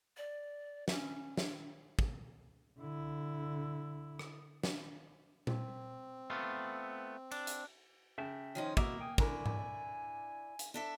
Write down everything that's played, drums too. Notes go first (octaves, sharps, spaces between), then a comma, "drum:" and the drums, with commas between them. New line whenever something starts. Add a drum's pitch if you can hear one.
D5
C#4, drum: snare
drum: snare
drum: kick
D3 E4
drum: rim click
drum: snare
C4, drum: tom A#2
A3 B3 F4
D4, drum: cymbal
drum: hi-hat
C#3 E5 G5 A5
D#3 F3 D#4 C#5
A#3 E4 F#4 D#5 E5 A#5 D6, drum: kick
G5 G#5 D#6
D3 E4 A#4 D5 G#5 C#6 D6, drum: kick
drum: tom G#2
drum: hi-hat
D4 A4 E5